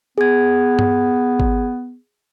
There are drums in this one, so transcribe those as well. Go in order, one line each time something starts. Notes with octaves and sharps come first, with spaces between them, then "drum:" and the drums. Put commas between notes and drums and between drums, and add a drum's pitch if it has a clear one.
B3 G#4 G#6
drum: tom G2
drum: kick G#1